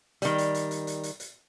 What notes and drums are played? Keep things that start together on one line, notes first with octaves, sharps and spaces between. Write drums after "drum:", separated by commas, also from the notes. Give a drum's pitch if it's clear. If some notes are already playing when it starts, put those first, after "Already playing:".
D#3 G3, drum: hi-hat
drum: hi-hat
drum: hi-hat
drum: hi-hat
drum: hi-hat
drum: hi-hat
drum: hi-hat